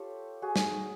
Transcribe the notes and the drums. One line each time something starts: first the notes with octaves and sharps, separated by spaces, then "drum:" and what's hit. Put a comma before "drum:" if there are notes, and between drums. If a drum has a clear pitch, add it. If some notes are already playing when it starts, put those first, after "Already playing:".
Already playing: F4 G4 A4 C#5
F#4 G#4
drum: snare